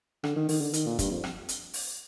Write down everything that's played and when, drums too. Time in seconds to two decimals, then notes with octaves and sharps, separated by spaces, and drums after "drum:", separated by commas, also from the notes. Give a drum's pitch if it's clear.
0.24 D3, drum: rim click
0.36 D#3
0.49 D#3, drum: open hi-hat
0.61 D3
0.73 D#3, drum: hi-hat
0.87 A#2
0.99 G2, drum: kick, hi-hat
1.11 F2
1.24 drum: rim click
1.49 drum: hi-hat
1.74 drum: open hi-hat